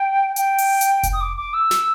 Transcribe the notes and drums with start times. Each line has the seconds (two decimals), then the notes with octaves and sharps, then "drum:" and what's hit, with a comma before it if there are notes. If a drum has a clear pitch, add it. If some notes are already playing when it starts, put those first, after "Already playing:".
Already playing: G5
0.36 G5, drum: hi-hat
0.58 drum: open hi-hat
0.81 drum: hi-hat
1.03 drum: kick F1, hi-hat
1.13 D#6
1.21 D6
1.37 D6
1.54 E6
1.71 drum: snare